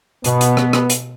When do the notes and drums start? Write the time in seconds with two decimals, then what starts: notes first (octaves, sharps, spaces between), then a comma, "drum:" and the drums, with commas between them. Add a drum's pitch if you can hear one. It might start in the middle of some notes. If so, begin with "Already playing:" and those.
0.24 B2 B3, drum: hi-hat
0.41 drum: hi-hat
0.57 drum: rim click
0.73 drum: rim click
0.90 drum: hi-hat